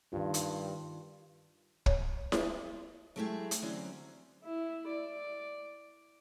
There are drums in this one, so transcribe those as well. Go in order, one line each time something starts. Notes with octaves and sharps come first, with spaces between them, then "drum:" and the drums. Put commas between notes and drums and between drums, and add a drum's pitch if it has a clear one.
G2 D#3 F4
drum: hi-hat
C#5, drum: kick
drum: snare E4
F#3 G#3 A3 E4 G4 G#4
drum: hi-hat
D3 E3 F#3 C4 C#4
E4
D5